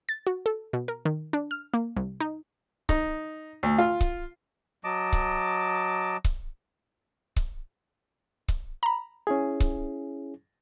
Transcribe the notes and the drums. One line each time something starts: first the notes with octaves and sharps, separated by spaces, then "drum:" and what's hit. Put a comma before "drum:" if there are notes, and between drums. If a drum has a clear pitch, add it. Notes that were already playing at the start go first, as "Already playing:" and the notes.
A6
F#4
A4
B2
A#4
D#3
D4
F6
A#3
C2
D#4
D#4, drum: kick C#1
D2
F4
drum: kick C#1
F#3 D#5 A5 D6
drum: kick C#1
drum: kick C#1
drum: kick C#1
drum: kick C#1
A#5 B5
C#4 E4 G#4
drum: kick C#1